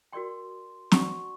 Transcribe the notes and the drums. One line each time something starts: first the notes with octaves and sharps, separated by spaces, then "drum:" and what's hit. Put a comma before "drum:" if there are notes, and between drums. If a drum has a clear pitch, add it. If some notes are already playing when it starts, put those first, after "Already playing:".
F#4 A#4 D5 G5 C6
C#4 F#4 B4 D5 F#5 C#6, drum: snare